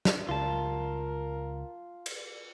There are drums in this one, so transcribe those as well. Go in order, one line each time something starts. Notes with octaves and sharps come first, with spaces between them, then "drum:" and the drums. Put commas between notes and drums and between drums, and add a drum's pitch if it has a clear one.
drum: snare
C#2 F4 A#4 A5
drum: cymbal